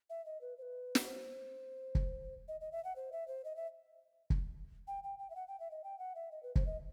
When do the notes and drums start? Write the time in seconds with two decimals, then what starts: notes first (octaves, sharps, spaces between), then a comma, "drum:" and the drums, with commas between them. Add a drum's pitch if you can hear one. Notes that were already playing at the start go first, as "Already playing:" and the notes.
0.10 E5
0.26 D#5
0.41 B4
0.58 C5
0.62 B4
0.95 drum: snare
1.05 C5
1.95 drum: kick
2.48 D#5
2.61 D#5
2.72 E5
2.84 F#5
2.96 C5
3.12 E5
3.28 C5
3.45 D#5
3.56 E5
4.30 drum: kick
4.87 G5
5.04 G5
5.19 G5
5.30 E5
5.36 F#5
5.48 G5
5.60 E5
5.71 D#5
5.84 G5
5.99 F#5
6.15 E5
6.32 D#5
6.43 B4
6.55 C5, drum: kick
6.66 D#5